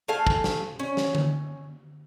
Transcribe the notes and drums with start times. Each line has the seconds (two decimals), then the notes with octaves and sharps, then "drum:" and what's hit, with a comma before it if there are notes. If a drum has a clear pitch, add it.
0.08 A3 A4 F5 G#5
0.27 drum: kick
0.44 drum: snare
0.79 C#4
0.97 drum: snare
1.15 drum: tom D3